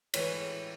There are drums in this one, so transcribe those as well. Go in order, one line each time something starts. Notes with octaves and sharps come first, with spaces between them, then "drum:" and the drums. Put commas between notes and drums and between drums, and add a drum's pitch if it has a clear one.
A2 E3 G#3 B4 C#5, drum: cymbal